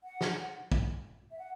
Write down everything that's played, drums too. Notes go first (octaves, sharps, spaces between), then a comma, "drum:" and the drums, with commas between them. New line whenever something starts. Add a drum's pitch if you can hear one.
F#5
drum: snare
drum: kick
E5
F#5